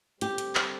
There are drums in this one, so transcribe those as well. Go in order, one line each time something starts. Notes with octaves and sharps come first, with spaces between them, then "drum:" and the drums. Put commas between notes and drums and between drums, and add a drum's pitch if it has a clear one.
D3 G3 C4 G4, drum: hi-hat
drum: hi-hat
drum: clap